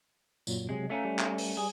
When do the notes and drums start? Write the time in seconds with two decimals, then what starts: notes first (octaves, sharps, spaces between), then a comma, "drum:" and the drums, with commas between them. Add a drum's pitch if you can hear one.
0.47 F#2 A#2 F#3, drum: tambourine
0.69 C3 F#3 G#3
0.90 A3 C#4 E5 F5 A#5
1.05 G3
1.19 drum: clap
1.38 drum: open hi-hat
1.57 G3 G#4